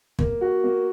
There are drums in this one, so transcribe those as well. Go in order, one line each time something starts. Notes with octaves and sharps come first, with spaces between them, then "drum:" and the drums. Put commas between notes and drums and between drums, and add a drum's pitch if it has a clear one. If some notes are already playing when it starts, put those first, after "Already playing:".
A#3, drum: kick
F#4
A#3